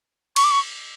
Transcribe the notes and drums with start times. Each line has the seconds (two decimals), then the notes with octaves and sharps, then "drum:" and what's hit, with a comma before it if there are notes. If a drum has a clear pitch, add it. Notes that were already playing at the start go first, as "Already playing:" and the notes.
0.36 C#6, drum: cymbal
0.44 D6
0.51 C#6